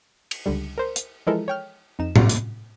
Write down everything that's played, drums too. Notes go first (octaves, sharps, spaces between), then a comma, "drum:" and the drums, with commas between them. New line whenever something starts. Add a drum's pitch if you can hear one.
drum: cymbal
C#2 D3 G3
A#4 C5
drum: hi-hat
E3 F3 G#3 E4 A4 A#4
C#5 G5 F6
F2 D#4 E7
C3 G3 F4 F#4 C6, drum: tom A2
drum: hi-hat